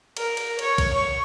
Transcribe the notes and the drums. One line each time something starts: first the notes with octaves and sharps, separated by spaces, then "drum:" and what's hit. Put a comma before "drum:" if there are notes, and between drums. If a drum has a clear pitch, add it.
A#4, drum: cymbal
drum: cymbal
C#5, drum: cymbal
drum: kick, cymbal
C#6